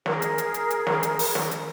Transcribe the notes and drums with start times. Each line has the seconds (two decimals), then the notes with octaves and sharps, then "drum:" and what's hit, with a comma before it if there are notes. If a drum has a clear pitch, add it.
0.06 G#4 A#4, drum: snare
0.22 drum: hi-hat
0.38 drum: hi-hat
0.54 drum: hi-hat
0.70 drum: hi-hat
0.87 drum: snare
1.03 drum: hi-hat
1.19 drum: open hi-hat
1.35 drum: snare
1.51 drum: hi-hat